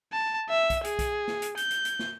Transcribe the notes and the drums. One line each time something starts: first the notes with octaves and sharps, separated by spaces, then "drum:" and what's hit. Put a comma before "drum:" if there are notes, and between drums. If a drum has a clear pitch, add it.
A5
E5
drum: kick B1, hi-hat
G#4, drum: hi-hat
drum: kick B1, hi-hat
drum: snare
drum: hi-hat
G6, drum: hi-hat
drum: hi-hat
drum: hi-hat
drum: snare